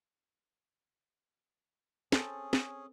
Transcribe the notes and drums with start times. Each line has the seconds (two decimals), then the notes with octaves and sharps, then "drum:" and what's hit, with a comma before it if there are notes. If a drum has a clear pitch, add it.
2.12 C4 C#4 G#4 A4, drum: snare
2.53 drum: snare